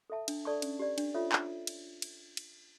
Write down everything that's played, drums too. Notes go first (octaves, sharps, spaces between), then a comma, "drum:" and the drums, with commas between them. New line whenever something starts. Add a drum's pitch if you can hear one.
A4 E5 A5
D4, drum: cymbal
A4 D5 A5 C#6
C#4, drum: cymbal
G4 D5
D4, drum: cymbal
F4 A4 C#5 E5
drum: clap
drum: cymbal
drum: cymbal
drum: cymbal